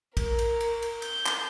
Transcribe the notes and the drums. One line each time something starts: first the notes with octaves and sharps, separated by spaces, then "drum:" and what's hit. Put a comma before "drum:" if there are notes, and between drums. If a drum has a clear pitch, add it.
A#4, drum: kick, cymbal
drum: cymbal
drum: cymbal
drum: cymbal
G6, drum: cymbal
drum: clap